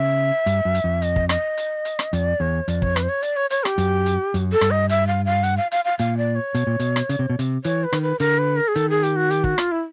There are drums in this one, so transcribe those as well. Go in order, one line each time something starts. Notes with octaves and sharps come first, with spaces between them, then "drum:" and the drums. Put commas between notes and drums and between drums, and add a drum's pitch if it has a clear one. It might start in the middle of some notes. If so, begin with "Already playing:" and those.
Already playing: C#3 E5
G2, drum: hi-hat
F#2
drum: hi-hat
F2
D#5, drum: hi-hat
drum: kick
D#5, drum: rim click
drum: hi-hat
drum: hi-hat
drum: rim click
F2 D5, drum: hi-hat
E2 C#5
F2 D5, drum: hi-hat
C#5, drum: kick
B4, drum: rim click
C5
C#5
D5, drum: hi-hat
C#5
C#5, drum: hi-hat
G4, drum: rim click
F#2, drum: hi-hat
drum: hi-hat
F#2, drum: hi-hat
A4
G2, drum: rim click
D#5
E5, drum: hi-hat
F5
F5
F#5, drum: hi-hat
F5
F5, drum: hi-hat
F5
A#2 F5, drum: hi-hat
D5
C#5
B2, drum: hi-hat
A#2
B2, drum: hi-hat
drum: rim click
C#3, drum: hi-hat
C3
B2
C3, drum: hi-hat
E3 C#5, drum: hi-hat
B4
D#3, drum: rim click
B4
D3 A#4, drum: hi-hat
B4
A#4
G#4
D#3 A4, drum: hi-hat
G#4
G4, drum: hi-hat
F#4
G4, drum: hi-hat
F#4, drum: kick
F4, drum: rim click
E4